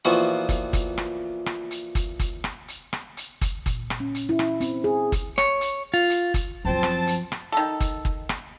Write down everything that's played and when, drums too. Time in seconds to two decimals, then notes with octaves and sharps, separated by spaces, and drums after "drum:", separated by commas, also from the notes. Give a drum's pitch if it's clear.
0.05 A#2 E3 F3 B3 F#4
0.49 drum: kick, hi-hat
0.73 drum: kick, hi-hat
0.98 drum: rim click
1.46 drum: rim click
1.71 drum: hi-hat
1.95 drum: kick, hi-hat
2.19 drum: kick, hi-hat
2.44 drum: rim click
2.68 drum: hi-hat
2.93 drum: rim click
3.17 drum: hi-hat
3.41 drum: kick, hi-hat
3.66 A#2, drum: kick, hi-hat
3.90 drum: rim click
4.00 C#4
4.15 drum: hi-hat
4.29 E4
4.39 drum: rim click
4.61 C4, drum: hi-hat
4.84 G#4
5.12 drum: kick, hi-hat
5.38 C#5, drum: rim click
5.61 drum: hi-hat
5.94 F4
6.10 drum: hi-hat
6.34 drum: kick, hi-hat
6.65 F#2 F3 C4 A5
6.83 drum: rim click
7.07 drum: hi-hat
7.32 drum: rim click
7.52 D#3 A4
7.80 drum: kick, hi-hat
8.05 drum: kick
8.29 drum: rim click